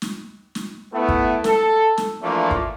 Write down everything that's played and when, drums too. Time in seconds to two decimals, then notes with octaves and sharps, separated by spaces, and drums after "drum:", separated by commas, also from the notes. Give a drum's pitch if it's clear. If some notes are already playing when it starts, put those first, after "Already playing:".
0.02 drum: snare
0.55 drum: snare
0.93 A3 B3 E4
1.09 drum: kick
1.44 A4, drum: snare
1.98 drum: snare
2.22 E3 F3 A3 A#3 D4 F4
2.51 drum: kick